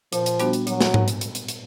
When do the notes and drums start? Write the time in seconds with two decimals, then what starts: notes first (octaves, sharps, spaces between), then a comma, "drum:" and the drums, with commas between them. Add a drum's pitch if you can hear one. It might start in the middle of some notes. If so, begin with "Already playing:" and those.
0.12 A#2 F3, drum: hi-hat
0.26 drum: hi-hat
0.40 G3 B3 D4 F#4, drum: hi-hat
0.53 drum: hi-hat
0.67 A#2 F#3, drum: hi-hat
0.81 drum: snare
0.94 drum: tom G#2
1.08 drum: hi-hat
1.21 drum: hi-hat
1.35 drum: hi-hat
1.48 drum: hi-hat